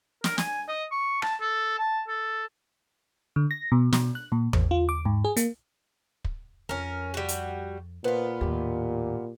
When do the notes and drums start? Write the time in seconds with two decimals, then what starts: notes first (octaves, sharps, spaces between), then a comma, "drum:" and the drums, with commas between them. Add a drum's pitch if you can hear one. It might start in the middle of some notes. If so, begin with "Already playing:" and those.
0.24 A#4, drum: snare
0.38 G#5, drum: snare
0.68 D#5
0.92 C#6
1.22 A5, drum: rim click
1.41 A4
1.78 A5
2.08 A4
3.36 D3
3.51 A#6
3.72 B2
3.93 B2, drum: snare
4.15 F#6
4.32 A#2
4.53 A1, drum: tom E2
4.71 F4
4.89 D6
5.05 G#2
5.25 G#4
5.36 A#3, drum: hi-hat
6.25 drum: kick
6.69 F2 C#4 A#4
7.14 G3 F#4
7.28 drum: hi-hat
8.04 A#2 B3 F4 B4 C5
8.41 D#2 A2 G4